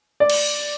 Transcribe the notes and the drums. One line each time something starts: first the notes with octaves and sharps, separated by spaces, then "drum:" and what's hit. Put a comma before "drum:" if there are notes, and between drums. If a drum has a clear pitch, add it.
D5
drum: cymbal